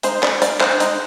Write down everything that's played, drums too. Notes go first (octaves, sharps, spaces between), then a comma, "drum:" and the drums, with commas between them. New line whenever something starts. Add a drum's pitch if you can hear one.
G#3 D#4 C5, drum: hi-hat
D5, drum: clap
D5, drum: hi-hat
C5, drum: clap
G#3 D#4, drum: hi-hat